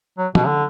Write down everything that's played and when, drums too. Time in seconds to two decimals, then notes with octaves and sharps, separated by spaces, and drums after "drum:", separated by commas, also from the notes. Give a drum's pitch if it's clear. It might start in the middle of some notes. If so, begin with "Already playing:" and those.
0.17 F#3
0.35 B2, drum: tom
0.47 D3